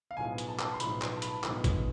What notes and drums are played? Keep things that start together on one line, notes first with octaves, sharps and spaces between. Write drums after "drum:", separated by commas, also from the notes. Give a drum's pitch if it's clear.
F5
B1 A2 F3 G#3 B3 G#5
drum: hi-hat
A5
drum: clap
C6
B1 A2 F3 G#3 B3 B5, drum: hi-hat
C6, drum: clap
A5
B5, drum: hi-hat
B1 A2 F3 G#3 B3, drum: clap
drum: kick A1, hi-hat